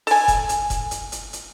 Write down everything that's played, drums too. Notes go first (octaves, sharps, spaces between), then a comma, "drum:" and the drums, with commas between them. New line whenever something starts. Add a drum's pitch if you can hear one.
A4 G#5, drum: open hi-hat
drum: kick F1, hi-hat
drum: hi-hat
drum: kick F1, hi-hat
drum: hi-hat
drum: hi-hat
drum: hi-hat